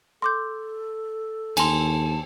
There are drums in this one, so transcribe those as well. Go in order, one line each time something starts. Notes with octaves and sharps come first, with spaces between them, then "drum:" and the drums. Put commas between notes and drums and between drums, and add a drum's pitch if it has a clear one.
A4 C6 D6 G6
D#2 G#5 A5 C6, drum: cymbal